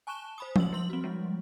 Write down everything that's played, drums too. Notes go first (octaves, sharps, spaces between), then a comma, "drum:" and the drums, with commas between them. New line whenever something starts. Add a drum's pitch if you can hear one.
G#5 A5 C#6 F#6 E7 G7
C5 B5 D#6
G3 E6 F#7, drum: tom F3
F3 C6 F#7
C4 F#4
F3 G3 G#3